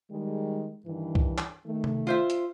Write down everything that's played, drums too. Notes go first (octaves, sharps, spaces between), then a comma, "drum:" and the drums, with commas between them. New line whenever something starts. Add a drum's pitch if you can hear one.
D#3 G3 G#3
G2 D#3 E3
drum: kick
drum: clap
D#3 A3
drum: tom C3
F4 C5 E5
drum: hi-hat